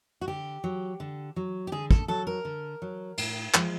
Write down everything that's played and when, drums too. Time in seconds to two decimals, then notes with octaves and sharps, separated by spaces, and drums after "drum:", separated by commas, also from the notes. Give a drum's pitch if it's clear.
0.21 F#4
0.28 D3 G4
0.64 F#3
1.00 D3
1.36 F#3
1.67 G4
1.72 D3 G#4
1.91 A4, drum: kick
2.08 F#3 A4
2.27 A#4
2.45 D3
2.82 F#3
3.18 A2, drum: cymbal
3.54 F3 G#3, drum: clap